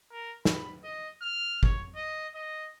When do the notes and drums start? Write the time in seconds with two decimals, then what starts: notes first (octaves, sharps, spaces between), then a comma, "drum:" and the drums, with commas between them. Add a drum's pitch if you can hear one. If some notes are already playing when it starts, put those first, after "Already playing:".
0.12 A#4
0.45 B5, drum: snare
0.83 D#5
1.22 F6
1.63 C#5, drum: kick
1.96 D#5
2.34 D#5